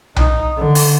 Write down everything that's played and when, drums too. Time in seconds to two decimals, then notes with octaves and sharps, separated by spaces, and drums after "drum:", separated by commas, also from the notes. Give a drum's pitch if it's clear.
0.16 D#4, drum: tom B1
0.57 D3
0.75 drum: open hi-hat